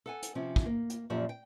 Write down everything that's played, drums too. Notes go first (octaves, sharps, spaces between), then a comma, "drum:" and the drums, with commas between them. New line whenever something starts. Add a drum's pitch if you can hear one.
A4 F#5 G#5
drum: hi-hat
C3 F3 C4 C#4
drum: kick
A#3
drum: hi-hat
F#2 A#2 F3 G4 D5
G5